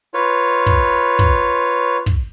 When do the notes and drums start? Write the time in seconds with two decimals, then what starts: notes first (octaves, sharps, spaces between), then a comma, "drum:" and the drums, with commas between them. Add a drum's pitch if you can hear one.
0.14 F4 B4 C#5
0.66 drum: kick
1.19 drum: kick
2.06 drum: kick